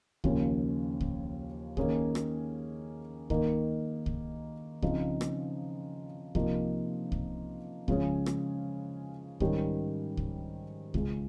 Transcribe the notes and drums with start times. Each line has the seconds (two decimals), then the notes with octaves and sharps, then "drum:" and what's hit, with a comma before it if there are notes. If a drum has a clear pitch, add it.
0.24 D#2 C#3 F3 A#3 C#4, drum: kick C2
1.01 drum: kick C2
1.77 D#3 A#3 C#4 G#4, drum: kick C2
2.15 drum: rim click
3.30 D#3 A#3 D#4, drum: kick C2
4.06 drum: kick C2
4.82 C#3 F3 C4 D#4, drum: kick C2
5.21 drum: rim click
6.35 C3 F3 A#3 D#4, drum: kick C2
7.12 drum: kick C2
7.88 C#3 F3 G#3 C#4 G#4, drum: kick C2
8.26 drum: rim click
9.40 G#2 D#3 G3 C#4 G4, drum: kick C2
10.17 drum: kick C2
10.94 C#2 C#3 G#3, drum: kick C2